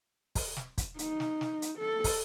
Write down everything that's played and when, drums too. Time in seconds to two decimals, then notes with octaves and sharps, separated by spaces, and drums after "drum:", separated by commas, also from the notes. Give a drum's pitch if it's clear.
0.35 drum: kick, open hi-hat
0.56 drum: snare
0.78 drum: kick, hi-hat
0.99 D#4, drum: hi-hat
1.20 drum: snare
1.41 drum: snare
1.62 drum: hi-hat
1.78 A4
2.04 drum: kick, open hi-hat